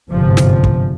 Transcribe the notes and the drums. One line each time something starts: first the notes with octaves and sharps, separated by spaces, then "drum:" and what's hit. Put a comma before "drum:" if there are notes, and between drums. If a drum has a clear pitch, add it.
G1 G#2 C3 F3
drum: snare
drum: kick